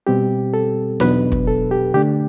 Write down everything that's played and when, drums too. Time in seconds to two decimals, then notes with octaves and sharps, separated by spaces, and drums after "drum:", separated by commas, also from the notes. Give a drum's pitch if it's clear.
0.07 B2 G3 C4 G4
0.54 A4
1.00 E2 B2 F#3 B3 D4 B4, drum: snare D#4
1.32 drum: kick
1.47 A4
1.71 G4
1.94 D3 A3 D4 G4